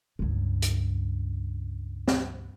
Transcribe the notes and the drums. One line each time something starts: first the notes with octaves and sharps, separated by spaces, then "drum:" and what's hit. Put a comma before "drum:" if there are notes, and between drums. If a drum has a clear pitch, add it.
C#2 G2
drum: hi-hat
drum: snare